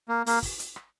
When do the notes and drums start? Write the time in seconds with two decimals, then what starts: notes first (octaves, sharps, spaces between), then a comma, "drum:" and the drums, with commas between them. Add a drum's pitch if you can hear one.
0.09 A#3
0.26 A#3, drum: open hi-hat
0.43 drum: kick, open hi-hat
0.59 drum: hi-hat
0.76 drum: rim click